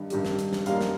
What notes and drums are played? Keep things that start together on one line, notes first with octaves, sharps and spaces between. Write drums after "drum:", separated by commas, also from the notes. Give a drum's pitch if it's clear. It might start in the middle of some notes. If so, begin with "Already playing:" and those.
Already playing: G2 D#3 G3
G2 D#3 G3, drum: hi-hat
drum: snare
drum: hi-hat
drum: snare
F#2 D#3 G3 A#3 D4 F5, drum: hi-hat
drum: snare